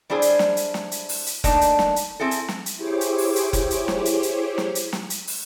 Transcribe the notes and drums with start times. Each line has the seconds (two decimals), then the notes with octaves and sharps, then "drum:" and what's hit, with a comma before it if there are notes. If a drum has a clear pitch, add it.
0.10 G3 D4 E4 G#4 C5
0.22 drum: hi-hat
0.39 drum: snare
0.57 drum: hi-hat
0.74 drum: snare
0.92 drum: hi-hat
1.09 drum: open hi-hat
1.26 drum: hi-hat
1.44 A3 A#3 D4 D#4, drum: kick F1, hi-hat
1.61 drum: hi-hat
1.79 drum: snare
1.96 drum: hi-hat
2.20 C4 E4 G#4 A4
2.31 drum: hi-hat
2.48 drum: snare
2.66 drum: hi-hat
2.76 E4 G4 G#4 C5 C#5 D6
3.01 drum: hi-hat
3.18 drum: open hi-hat
3.36 drum: hi-hat
3.53 drum: kick F1, hi-hat
3.71 drum: hi-hat
3.88 drum: snare
4.05 drum: hi-hat
4.23 drum: hi-hat
4.58 drum: snare
4.75 drum: hi-hat
4.93 drum: snare
5.10 drum: hi-hat
5.27 drum: open hi-hat